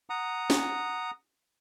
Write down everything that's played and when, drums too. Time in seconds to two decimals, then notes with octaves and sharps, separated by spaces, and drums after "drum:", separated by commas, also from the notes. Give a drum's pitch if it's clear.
0.10 F#5 A#5 D#6
0.50 drum: snare